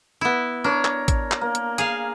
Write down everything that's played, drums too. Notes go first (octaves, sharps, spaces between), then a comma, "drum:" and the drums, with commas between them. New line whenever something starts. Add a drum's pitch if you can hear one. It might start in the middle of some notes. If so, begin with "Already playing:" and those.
B3 E4
D4 A#4 C#5
drum: clap
drum: kick, hi-hat
drum: clap
A#3
drum: hi-hat
G#4 F5, drum: hi-hat